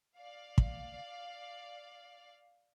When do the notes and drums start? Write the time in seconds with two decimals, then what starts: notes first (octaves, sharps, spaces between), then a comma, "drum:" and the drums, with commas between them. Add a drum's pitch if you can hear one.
0.16 D5 F5
0.58 drum: kick